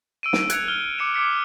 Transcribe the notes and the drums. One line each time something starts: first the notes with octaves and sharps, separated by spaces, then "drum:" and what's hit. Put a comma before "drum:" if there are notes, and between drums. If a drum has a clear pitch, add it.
E6 D7 D#7
drum: snare
F#6 G#6 C#7 F7, drum: hi-hat
F6 G7
D6 C#7 D7 E7
D6 G#6 B6 C#7